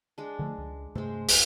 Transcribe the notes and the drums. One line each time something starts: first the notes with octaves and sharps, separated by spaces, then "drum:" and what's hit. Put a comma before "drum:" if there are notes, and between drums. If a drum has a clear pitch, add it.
G#3 D4
D3 F3 A3
C#2
G2 C3 G#3 A3 C5
F#1 D#2, drum: open hi-hat